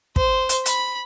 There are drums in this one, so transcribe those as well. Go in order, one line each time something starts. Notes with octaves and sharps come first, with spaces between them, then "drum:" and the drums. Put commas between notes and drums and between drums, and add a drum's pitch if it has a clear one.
C5, drum: kick
drum: hi-hat
B5, drum: hi-hat